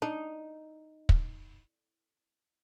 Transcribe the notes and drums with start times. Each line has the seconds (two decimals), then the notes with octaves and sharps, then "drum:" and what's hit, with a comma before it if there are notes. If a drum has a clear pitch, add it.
0.02 D4 D#4
1.09 drum: kick